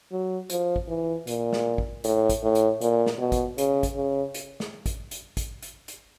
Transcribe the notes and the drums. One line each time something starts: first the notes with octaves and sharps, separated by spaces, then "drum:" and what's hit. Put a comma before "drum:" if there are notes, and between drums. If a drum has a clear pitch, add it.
F#3
F3, drum: hi-hat
drum: kick
E3
A#2, drum: hi-hat
drum: snare
drum: kick
A2, drum: hi-hat
drum: kick, hi-hat
A2
drum: hi-hat
A#2, drum: hi-hat
drum: snare
B2
drum: kick, hi-hat
C#3, drum: hi-hat
drum: kick, hi-hat
C#3
drum: hi-hat
drum: snare
drum: kick, hi-hat
drum: hi-hat
drum: kick, hi-hat
drum: hi-hat
drum: hi-hat